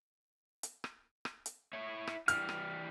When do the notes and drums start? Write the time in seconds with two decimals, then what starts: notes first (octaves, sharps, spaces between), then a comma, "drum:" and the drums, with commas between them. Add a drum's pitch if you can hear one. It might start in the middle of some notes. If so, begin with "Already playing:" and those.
0.63 drum: hi-hat
0.84 drum: rim click
1.25 drum: rim click
1.46 drum: hi-hat
1.73 E4 C#5
2.07 drum: rim click
2.28 E3 G3 F6, drum: hi-hat
2.49 drum: rim click